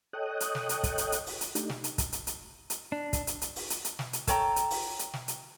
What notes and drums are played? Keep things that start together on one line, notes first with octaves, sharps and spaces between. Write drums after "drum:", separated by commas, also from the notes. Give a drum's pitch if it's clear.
A4 C#5 D#5 G5 D#6 F#6
drum: hi-hat
drum: snare
drum: hi-hat
drum: kick, hi-hat
drum: hi-hat
drum: hi-hat
drum: open hi-hat
drum: hi-hat
A3 D4 D#4 G4, drum: hi-hat
drum: snare
drum: hi-hat
drum: kick, hi-hat
drum: hi-hat
drum: hi-hat
drum: hi-hat
D4
drum: kick, hi-hat
drum: hi-hat
drum: hi-hat
drum: open hi-hat
drum: hi-hat
drum: hi-hat
drum: snare
drum: hi-hat
A4 C#5 G5 A#5, drum: kick, hi-hat
drum: hi-hat
drum: open hi-hat
drum: hi-hat
drum: snare
drum: hi-hat